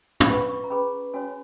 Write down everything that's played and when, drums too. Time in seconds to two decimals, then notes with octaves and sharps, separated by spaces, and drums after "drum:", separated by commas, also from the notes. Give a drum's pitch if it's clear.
0.20 B5, drum: tom
0.27 C#4 F4 B4 C#6
0.49 C#6
0.64 A#5
0.70 C#4 G#4 B4 B5
1.14 C#4 F#4 C#5 G#5